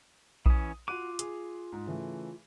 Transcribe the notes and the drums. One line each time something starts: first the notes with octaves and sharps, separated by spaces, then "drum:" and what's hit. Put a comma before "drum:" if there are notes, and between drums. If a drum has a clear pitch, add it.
E3 C#4 D#6, drum: kick A#1
F4 F#4 D6 F#6 D#7
G#4, drum: hi-hat
G#2
C#3 E3 A3